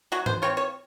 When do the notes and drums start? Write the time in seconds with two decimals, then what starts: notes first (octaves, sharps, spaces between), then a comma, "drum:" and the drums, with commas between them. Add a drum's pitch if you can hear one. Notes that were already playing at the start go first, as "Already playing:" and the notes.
0.12 F#3 F#4
0.26 C5, drum: tom G#2
0.42 C4 F4 C#5
0.57 C#5